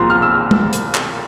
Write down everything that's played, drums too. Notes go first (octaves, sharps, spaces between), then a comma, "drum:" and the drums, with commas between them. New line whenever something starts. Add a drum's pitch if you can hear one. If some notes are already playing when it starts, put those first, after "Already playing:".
Already playing: C2 A#2 F3 C4 A#5 C6
F6
E6
drum: tom
drum: hi-hat
drum: clap